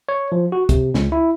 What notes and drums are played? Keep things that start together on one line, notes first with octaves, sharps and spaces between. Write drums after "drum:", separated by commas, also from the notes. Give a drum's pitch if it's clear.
C#5
F3
F#4
C3, drum: kick, hi-hat
C#2, drum: snare
E4